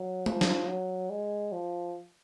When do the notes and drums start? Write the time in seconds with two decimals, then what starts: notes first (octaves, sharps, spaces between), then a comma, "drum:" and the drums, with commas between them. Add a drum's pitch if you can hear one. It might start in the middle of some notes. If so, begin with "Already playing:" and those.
Already playing: F#3
0.26 F3, drum: tom G#3
0.41 drum: snare
0.68 F#3
1.10 G#3
1.52 F3